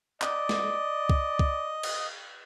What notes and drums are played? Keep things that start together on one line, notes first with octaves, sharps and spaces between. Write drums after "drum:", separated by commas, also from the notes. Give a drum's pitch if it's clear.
D5 D#5, drum: clap
drum: snare
drum: kick C2
drum: kick C2
drum: cymbal